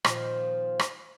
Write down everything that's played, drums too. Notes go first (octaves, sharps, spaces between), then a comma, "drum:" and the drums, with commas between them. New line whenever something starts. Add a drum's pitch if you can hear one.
A#2 D#3 F3, drum: rim click
drum: rim click